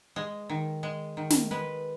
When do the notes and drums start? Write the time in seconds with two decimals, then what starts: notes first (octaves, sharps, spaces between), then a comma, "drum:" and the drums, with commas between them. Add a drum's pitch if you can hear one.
0.16 G#3
0.49 D#3
0.83 G#3
1.17 D#3
1.30 drum: snare
1.51 G#3 B4